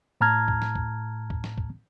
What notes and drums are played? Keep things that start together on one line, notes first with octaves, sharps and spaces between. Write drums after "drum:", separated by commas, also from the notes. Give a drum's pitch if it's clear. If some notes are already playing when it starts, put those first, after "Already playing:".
A2 A5 A#5 F6 G#6
drum: kick D2
drum: snare
drum: kick D2
drum: kick D2
drum: snare
drum: kick D2